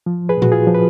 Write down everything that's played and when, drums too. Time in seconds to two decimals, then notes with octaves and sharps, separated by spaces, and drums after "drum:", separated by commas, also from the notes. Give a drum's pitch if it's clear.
0.06 F3
0.29 G#4 B4
0.37 A#2
0.42 F#4, drum: tom A#2
0.52 F4 G#4
0.67 F3
0.74 B4